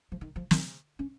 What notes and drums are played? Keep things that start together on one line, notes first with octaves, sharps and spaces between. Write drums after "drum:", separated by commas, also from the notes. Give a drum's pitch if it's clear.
F3
D#3
F3
D#3, drum: snare
C#4